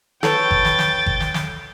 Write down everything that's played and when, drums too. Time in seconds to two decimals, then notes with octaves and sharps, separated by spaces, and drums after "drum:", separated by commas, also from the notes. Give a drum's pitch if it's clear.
0.23 A4 B4 C#5 G5 A6, drum: snare
0.51 drum: kick G1
0.65 drum: snare
0.79 drum: snare
1.06 drum: kick G1
1.20 drum: snare
1.34 drum: snare